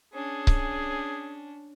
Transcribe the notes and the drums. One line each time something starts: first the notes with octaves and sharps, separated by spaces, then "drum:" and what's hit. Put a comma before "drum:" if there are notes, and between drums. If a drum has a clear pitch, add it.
C#4 D4 G#4
drum: kick C#1